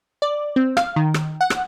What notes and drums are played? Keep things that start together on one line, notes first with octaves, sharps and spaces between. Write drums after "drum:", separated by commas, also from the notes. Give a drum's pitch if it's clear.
D5
C4
F5, drum: rim click
D#3
drum: rim click
F#5
drum: rim click